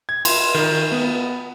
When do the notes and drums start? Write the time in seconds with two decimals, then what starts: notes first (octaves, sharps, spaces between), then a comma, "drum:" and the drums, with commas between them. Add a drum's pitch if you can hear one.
0.09 G#6
0.25 C6, drum: cymbal
0.54 D#3
0.92 B3